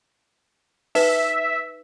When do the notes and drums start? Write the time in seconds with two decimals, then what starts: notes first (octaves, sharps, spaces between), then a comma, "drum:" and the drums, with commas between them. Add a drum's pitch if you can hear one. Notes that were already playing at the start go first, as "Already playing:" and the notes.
0.95 D#4 B4 E5, drum: open hi-hat